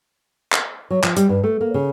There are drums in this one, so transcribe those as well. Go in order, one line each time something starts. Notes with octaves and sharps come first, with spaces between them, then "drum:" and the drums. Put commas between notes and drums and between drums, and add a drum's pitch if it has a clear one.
drum: clap
F#3
F3, drum: clap
G3, drum: hi-hat
G2
A3
A#3
C#3